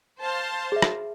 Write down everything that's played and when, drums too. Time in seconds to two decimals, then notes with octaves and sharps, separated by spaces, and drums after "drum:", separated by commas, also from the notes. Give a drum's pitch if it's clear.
0.20 C5 F5 A5
0.72 G#4 E5
0.82 drum: rim click